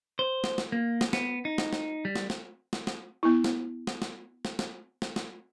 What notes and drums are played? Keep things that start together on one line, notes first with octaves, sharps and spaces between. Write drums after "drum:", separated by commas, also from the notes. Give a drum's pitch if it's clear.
C5
drum: snare
drum: snare
A#3
drum: snare
B3, drum: snare
D#4
drum: snare
drum: snare
G3
drum: snare
drum: snare
drum: snare
drum: snare
B3 E4
drum: snare
drum: snare
drum: snare
drum: snare
drum: snare
drum: snare
drum: snare